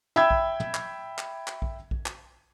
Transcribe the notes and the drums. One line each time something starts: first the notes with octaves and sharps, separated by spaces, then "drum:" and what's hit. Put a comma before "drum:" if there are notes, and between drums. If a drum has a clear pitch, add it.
E5 G5 B5 E6 G#6
drum: kick A#1
drum: tom
drum: clap
drum: clap
drum: clap
drum: kick A#1
drum: kick A#1
drum: clap